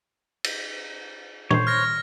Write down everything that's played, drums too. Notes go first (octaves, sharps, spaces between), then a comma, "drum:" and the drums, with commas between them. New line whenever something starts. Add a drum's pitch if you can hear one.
drum: cymbal
C5 C#5, drum: tom A#2
F6 G#6 A#6